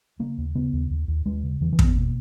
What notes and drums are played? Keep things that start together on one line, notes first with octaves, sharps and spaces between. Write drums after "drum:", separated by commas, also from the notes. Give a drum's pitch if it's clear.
C#3 A#3
D#2
C#3 B3
D#2
D#2
D#2
D#2 G#3
C#3
E2 E3
E3
E2, drum: kick
B3
B2 A#3